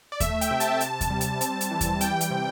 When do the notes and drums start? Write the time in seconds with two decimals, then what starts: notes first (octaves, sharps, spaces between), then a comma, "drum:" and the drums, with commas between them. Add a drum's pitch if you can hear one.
0.12 D5
0.20 A3 E5, drum: kick D#2, hi-hat
0.41 G5, drum: hi-hat
0.51 C3
0.60 A5, drum: hi-hat
0.81 C3, drum: hi-hat
1.01 drum: kick D#2, hi-hat
1.10 G3
1.21 drum: hi-hat
1.41 C4, drum: hi-hat
1.61 drum: hi-hat
1.71 E3
1.81 drum: kick D#2, hi-hat
2.01 G3 G5, drum: hi-hat
2.21 drum: hi-hat
2.31 C3